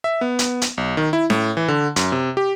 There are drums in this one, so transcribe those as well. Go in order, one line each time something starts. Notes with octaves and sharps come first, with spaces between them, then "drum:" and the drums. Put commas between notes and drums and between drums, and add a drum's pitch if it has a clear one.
E5
B3
drum: hi-hat
drum: hi-hat
B1
D#3
E4
A2, drum: snare C#4
E3
D3
F#2, drum: hi-hat
C3
G4